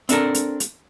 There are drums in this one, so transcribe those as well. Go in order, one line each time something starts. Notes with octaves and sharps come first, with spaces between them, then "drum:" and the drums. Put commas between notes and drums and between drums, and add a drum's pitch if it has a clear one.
C4 D4 A4 A#4, drum: hi-hat
drum: hi-hat
drum: hi-hat